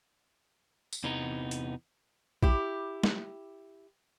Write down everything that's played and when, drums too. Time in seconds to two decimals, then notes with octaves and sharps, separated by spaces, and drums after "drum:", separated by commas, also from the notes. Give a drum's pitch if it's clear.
0.93 drum: tambourine
1.04 E2 C3 E3 B3 D#4
1.51 drum: hi-hat
2.43 E4 G4, drum: kick
3.04 drum: snare